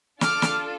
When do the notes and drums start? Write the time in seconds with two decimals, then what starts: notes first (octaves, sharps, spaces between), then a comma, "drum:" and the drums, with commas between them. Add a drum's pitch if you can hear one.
0.21 D4 F4 A4 D6 F6, drum: snare
0.42 drum: snare